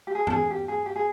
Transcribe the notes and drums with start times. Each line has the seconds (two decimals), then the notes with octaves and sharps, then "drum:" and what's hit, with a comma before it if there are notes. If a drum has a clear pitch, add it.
0.07 G4
0.15 G#4
0.27 A4, drum: tom
0.33 G#4
0.51 G4
0.68 G#4
0.86 G4
0.96 G#4